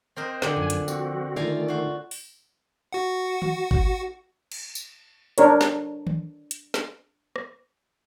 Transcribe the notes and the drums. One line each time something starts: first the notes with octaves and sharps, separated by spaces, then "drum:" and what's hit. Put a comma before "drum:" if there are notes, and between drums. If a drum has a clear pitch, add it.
C4 A#4 C5 D#5
D3 A#4 D5 G5, drum: snare
F#2 F3 G#5
drum: hi-hat
C4 F#4, drum: tambourine
D#3 A3 F4 C5 D5 G#5 A#5
F#4 C5
drum: open hi-hat
F#4 F#5
drum: tom D#3
drum: kick G#1
drum: cymbal
drum: tambourine
D4 A#4 C#5, drum: hi-hat
drum: snare
drum: tom D#3
drum: hi-hat
drum: snare
drum: rim click